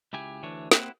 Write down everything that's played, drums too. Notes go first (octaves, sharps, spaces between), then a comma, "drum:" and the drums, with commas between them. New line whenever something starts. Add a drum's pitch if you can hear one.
C#2 E4 G4 G#5
D2 E3 D4 C#5
A#3 C4 E4 G4 F#5, drum: snare